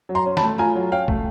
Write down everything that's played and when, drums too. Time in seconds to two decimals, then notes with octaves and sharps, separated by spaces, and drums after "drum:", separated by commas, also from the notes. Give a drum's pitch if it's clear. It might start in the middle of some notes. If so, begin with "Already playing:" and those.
0.09 F#3
0.15 A#5 C6
0.26 C#4
0.37 A5 B5, drum: snare
0.42 A3
0.58 F4 G#5 A#5
0.75 F#3
0.92 C#4 F5 G5
1.08 A3, drum: kick